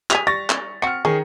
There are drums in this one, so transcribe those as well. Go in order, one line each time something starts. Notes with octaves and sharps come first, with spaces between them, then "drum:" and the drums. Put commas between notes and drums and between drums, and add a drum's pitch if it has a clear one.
G3 G#4 B6 F7, drum: clap
G3 C#6 A6 A#6
drum: clap
C4 F#4 F6 C#7
D#3 C#4 G#4